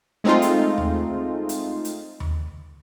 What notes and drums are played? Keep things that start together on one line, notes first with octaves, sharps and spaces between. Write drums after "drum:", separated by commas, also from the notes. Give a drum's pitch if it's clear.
G#3 A3 C4 D#4 F4
drum: hi-hat
drum: tom D#2
drum: hi-hat
drum: hi-hat
drum: tom D#2